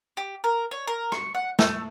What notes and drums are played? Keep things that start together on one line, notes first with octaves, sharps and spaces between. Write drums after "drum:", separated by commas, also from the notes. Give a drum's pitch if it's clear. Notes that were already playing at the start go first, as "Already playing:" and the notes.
G4
A#4
C#5
A#4
C#6, drum: rim click
F#5
A3, drum: snare